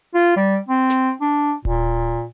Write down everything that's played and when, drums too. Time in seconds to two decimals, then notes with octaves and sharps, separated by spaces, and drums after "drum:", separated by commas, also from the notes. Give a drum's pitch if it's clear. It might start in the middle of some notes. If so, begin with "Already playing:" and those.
0.15 F4
0.37 G3
0.69 C4
0.90 drum: snare
1.21 D4
1.65 A#2, drum: kick D1